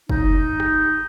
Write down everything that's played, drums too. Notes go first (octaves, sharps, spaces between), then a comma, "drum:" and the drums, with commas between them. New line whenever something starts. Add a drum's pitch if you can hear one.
D#4, drum: kick
drum: rim click